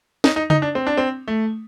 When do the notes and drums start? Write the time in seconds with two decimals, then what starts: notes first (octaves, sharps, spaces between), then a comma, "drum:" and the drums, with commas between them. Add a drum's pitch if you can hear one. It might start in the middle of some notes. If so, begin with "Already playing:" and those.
0.24 D#4, drum: snare
0.36 D#4
0.50 D#4, drum: tom C#3
0.62 D4
0.75 C4
0.87 D4
0.97 C4
1.28 A3